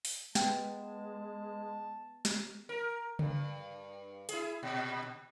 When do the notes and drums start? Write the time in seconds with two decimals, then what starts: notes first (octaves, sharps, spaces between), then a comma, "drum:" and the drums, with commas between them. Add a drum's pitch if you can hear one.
0.05 drum: open hi-hat
0.35 G#3 B3 G5 A5, drum: snare
2.25 drum: snare
2.69 A#4
3.19 G2, drum: tom C#3
4.29 E4 G#4, drum: hi-hat
4.63 A#2